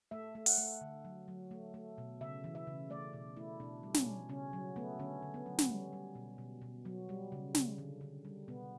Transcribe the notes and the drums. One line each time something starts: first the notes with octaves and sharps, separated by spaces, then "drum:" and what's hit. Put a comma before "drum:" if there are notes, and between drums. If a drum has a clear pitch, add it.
A3 E5
A3
F#5, drum: open hi-hat
A3
D3
F#3
F#3
A3
A3
B2
C#3 E5
E3
E5
C#3
A3 D5
B2
A3 E4
B2 D4
G3
C#4, drum: snare
B2
C#3 C#4
F#3
A3 B3
D3 C#4
D3
B3
F#3
drum: snare
G3 C#4
G3
B2
B2
B2
F#3
G3
C#3
C#3, drum: snare
D3
D3
G3
B2 B3